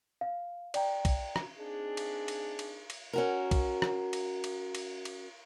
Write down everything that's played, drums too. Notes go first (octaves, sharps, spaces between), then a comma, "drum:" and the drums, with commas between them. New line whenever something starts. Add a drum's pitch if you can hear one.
F5
D5 G5 A#5, drum: cymbal
drum: kick, cymbal
drum: rim click
C4 D4 D#4 G#4
drum: cymbal
drum: cymbal
drum: cymbal
drum: cymbal
C#4 F#4 A#4
drum: kick, cymbal
drum: rim click
drum: cymbal
drum: cymbal
drum: cymbal
drum: cymbal